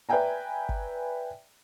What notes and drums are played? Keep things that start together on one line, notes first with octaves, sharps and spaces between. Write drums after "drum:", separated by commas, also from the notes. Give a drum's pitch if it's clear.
B4 D5 E5 G5 G#5 A#5
drum: kick G1